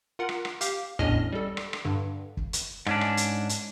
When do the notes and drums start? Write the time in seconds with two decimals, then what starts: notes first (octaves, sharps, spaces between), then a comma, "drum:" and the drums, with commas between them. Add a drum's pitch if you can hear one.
0.19 F4 A#4 F#5
0.29 drum: rim click
0.45 drum: rim click
0.61 G4 F5, drum: hi-hat
0.99 E2 A2 C#4 D4 D#5 F6
1.09 drum: kick
1.33 G3 A4
1.57 drum: rim click
1.73 drum: rim click
1.85 G2 D3
2.37 drum: kick
2.53 drum: hi-hat
2.87 G#2 C#4 D4, drum: rim click
3.01 drum: rim click
3.17 drum: hi-hat
3.49 drum: hi-hat